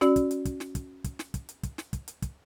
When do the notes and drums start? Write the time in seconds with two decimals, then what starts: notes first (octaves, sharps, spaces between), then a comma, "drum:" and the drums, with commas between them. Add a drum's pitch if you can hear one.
0.01 C#4 F#4 D5, drum: snare
0.16 drum: kick, hi-hat
0.31 drum: hi-hat
0.45 drum: kick, hi-hat
0.60 drum: snare
0.75 drum: kick, hi-hat
1.04 drum: kick, hi-hat
1.19 drum: snare
1.34 drum: kick, hi-hat
1.49 drum: hi-hat
1.63 drum: kick, hi-hat
1.78 drum: snare
1.93 drum: kick, hi-hat
2.08 drum: hi-hat
2.22 drum: kick, hi-hat